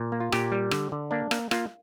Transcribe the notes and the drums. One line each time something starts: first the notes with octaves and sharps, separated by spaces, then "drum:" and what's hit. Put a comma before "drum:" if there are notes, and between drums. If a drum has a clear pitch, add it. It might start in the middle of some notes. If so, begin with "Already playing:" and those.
Already playing: A#2
A#3
F4
A#2 G4, drum: rim click
G3
D3, drum: rim click
D3
A#3 D4
A#3, drum: rim click
A#3 F4, drum: rim click